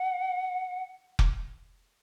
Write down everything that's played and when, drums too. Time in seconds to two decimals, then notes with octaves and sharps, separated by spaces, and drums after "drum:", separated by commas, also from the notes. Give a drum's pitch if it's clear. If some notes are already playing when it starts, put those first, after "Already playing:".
Already playing: F#5
1.19 drum: kick F1